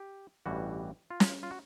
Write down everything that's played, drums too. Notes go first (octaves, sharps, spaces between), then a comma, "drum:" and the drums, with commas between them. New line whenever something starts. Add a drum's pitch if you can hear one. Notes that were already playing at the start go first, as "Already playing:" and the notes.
Already playing: G4
A1 G2 E3 G3 F#4
F4
drum: snare
F4
F#4